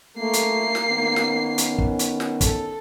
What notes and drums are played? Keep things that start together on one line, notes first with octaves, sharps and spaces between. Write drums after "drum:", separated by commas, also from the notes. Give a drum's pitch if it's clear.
A3 A#3 C7
drum: hi-hat
drum: snare
D#3 B3 C#4
drum: snare
drum: hi-hat
drum: kick
drum: hi-hat
drum: snare
A4, drum: kick, hi-hat